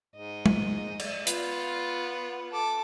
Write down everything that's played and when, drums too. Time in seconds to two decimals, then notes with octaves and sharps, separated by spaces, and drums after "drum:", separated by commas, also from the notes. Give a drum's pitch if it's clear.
0.16 G#2 D#5
0.46 drum: tom G#3
0.99 drum: cymbal
1.27 B3 F4, drum: hi-hat
2.51 A4 D6